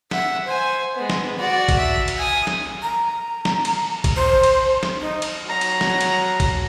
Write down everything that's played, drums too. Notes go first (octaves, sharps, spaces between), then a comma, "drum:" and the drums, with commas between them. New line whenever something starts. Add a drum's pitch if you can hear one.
E5 F#5, drum: snare
C5 G#5
G#3 B3
drum: snare
F#4 D5
drum: kick A1, cymbal
E5
drum: cymbal
G#5 D#6
drum: snare
A#5
drum: snare
drum: cymbal
drum: kick A1, cymbal
C5
drum: cymbal
drum: snare
D#4
drum: cymbal
F#3 A#5
drum: cymbal
drum: snare
drum: cymbal
drum: kick A1, cymbal